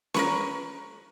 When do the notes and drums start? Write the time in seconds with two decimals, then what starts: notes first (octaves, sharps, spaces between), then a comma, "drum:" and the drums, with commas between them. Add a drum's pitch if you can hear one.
0.14 A#4 B4 C#6, drum: snare C#4